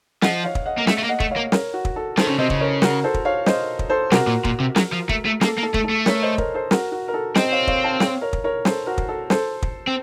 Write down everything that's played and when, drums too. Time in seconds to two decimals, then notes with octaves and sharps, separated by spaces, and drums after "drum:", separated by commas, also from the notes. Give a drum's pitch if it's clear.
0.22 F3 D#5 F#5, drum: snare
0.44 C#5 F5
0.55 drum: kick
0.66 D#5 F#5
0.78 A#3
0.87 A3, drum: snare
0.98 A3
1.04 A#3
1.09 D#5 F#5
1.20 A3, drum: kick
1.31 C#5 F5
1.36 A#3
1.52 A#4 C#5, drum: snare
1.74 F#4
1.85 drum: kick
1.96 A4
2.17 D#3 A4 C5, drum: snare
2.28 C#3
2.39 C3 C5 D#5
2.50 C#3, drum: kick
2.60 A#4 C#5
2.82 F#4 A#4, drum: snare
3.04 A4 C5
3.14 drum: kick
3.25 C#5 F5
3.46 C5 D#5, drum: snare
3.79 drum: kick
3.90 A4 C5
4.12 C3 F#4 A#4, drum: snare
4.27 A#2
4.45 A#2, drum: kick
4.60 C3
4.76 F#3, drum: snare
4.93 F3
5.09 A3, drum: kick
5.25 A3
5.41 A#3 A4, drum: snare
5.58 A#3
5.63 A4
5.74 A3, drum: kick
5.84 A4
5.89 A3
6.06 A#4 C#5, drum: snare
6.22 C5 D#5
6.38 A#4 C#5, drum: kick
6.54 A4 C5
6.71 F#4 A#4, drum: snare
6.92 F#4
7.08 A#4
7.14 A4
7.35 C4 C5 D#5, drum: snare
7.51 C#5 F5
7.67 C#5 F5, drum: kick
7.84 F5 A5
8.00 C#5 F5, drum: snare
8.21 A#4 C#5
8.33 drum: kick
8.44 A#4 C#5
8.65 A4 C5, drum: snare
8.86 F#4 A#4
8.98 drum: kick
9.08 A4
9.30 A4 C5, drum: snare
9.62 drum: kick
9.87 C4